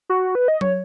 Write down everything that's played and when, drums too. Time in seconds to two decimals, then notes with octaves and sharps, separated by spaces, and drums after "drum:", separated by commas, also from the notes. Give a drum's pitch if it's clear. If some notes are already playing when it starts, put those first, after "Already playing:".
0.10 F#4
0.35 B4
0.48 D#5
0.61 C#5, drum: tom F#3